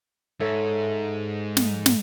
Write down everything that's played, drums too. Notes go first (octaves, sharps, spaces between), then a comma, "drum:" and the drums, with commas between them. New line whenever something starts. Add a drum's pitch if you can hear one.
G#2 A4 C#5 E5
drum: snare
drum: snare